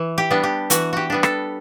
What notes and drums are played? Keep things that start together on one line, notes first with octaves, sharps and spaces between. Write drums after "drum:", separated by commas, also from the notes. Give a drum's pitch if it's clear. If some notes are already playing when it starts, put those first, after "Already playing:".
Already playing: E3
G4
G3 B3 D4
G4
E3 F#4, drum: hi-hat
F#4 G4
G3 B3 D4
A4, drum: rim click